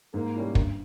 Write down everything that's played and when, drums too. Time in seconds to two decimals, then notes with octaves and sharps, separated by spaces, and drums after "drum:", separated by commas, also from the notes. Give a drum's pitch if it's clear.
0.14 G#2 A#3
0.35 G3 C#4 E4
0.55 G2, drum: kick